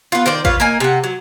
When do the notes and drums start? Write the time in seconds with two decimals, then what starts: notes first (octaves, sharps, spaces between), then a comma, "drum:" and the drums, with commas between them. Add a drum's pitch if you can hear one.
0.12 B3 F4
0.26 D#3 C5 D5
0.45 F4 B4 C#5, drum: kick A1
0.60 A#3 D#5 G#5
0.80 C3 F#5
1.04 F#3